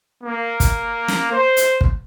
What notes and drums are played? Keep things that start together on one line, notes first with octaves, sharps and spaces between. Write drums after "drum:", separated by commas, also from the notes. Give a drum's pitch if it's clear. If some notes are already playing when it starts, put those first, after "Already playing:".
A#3
drum: kick, hi-hat
drum: snare
C5
drum: hi-hat
drum: kick